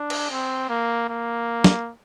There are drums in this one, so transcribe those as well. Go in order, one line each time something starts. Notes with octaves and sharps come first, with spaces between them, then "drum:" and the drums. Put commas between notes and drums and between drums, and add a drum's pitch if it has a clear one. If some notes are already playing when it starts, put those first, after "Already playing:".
Already playing: D4
drum: cymbal
C4
A#3
A#3
drum: snare